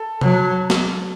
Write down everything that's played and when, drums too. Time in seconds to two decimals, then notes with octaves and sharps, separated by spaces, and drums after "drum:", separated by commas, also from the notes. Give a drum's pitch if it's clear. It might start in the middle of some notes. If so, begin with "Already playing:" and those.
Already playing: A4
0.21 F#3, drum: tom
0.70 drum: snare